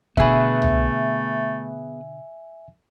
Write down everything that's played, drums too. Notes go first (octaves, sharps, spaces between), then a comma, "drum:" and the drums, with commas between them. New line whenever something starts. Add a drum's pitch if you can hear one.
B2 D3 A3 B3 G#4 B4 E5 G#5, drum: kick
drum: tom C2